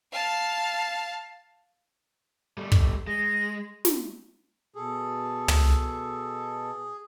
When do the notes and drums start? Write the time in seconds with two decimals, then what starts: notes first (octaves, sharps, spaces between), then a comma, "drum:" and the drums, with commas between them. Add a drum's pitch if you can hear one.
0.12 F5 A5
2.58 G3 A3
2.72 drum: kick
3.07 G#3 A#6
3.85 drum: snare
4.75 B2 G#4 A4
5.48 drum: tom